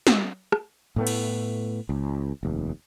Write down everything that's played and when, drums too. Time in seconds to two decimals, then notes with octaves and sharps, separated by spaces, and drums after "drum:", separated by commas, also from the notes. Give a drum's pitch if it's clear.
0.07 drum: snare
0.52 drum: rim click
0.96 A2 A3 B3
1.07 drum: cymbal
1.89 C#2
2.43 F1 D#2